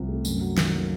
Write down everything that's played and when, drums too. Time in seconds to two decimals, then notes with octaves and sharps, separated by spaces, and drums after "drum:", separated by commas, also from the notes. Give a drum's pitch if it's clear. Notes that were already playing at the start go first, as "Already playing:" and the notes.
Already playing: C2 C3 F3
0.09 A3
0.25 F#2, drum: tambourine
0.41 F#3
0.58 D#3, drum: snare
0.74 A#3